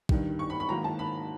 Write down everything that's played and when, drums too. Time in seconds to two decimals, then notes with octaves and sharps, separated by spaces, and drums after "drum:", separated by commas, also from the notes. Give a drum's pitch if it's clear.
0.09 G2 D#3 G3, drum: kick
0.39 C#6
0.50 B5
0.60 B5
0.69 G#2 D#3 F#3 A#3 A#5
0.84 A5
0.99 B5